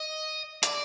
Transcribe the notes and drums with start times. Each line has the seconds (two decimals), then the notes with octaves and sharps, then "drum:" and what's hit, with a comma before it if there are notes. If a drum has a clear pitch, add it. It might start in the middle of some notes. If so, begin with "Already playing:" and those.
Already playing: D#5
0.63 D5, drum: hi-hat